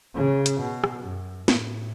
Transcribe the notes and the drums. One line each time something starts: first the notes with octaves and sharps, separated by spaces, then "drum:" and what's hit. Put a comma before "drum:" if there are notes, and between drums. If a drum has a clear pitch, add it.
C#3
drum: hi-hat
B2
drum: rim click
F#2
A2, drum: snare